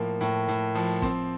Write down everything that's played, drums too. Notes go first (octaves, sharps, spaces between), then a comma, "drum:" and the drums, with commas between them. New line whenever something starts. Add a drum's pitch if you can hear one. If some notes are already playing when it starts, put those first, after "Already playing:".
Already playing: A2 F3 A#3
A2, drum: hi-hat
A2, drum: hi-hat
F3, drum: open hi-hat
C4, drum: kick G1, hi-hat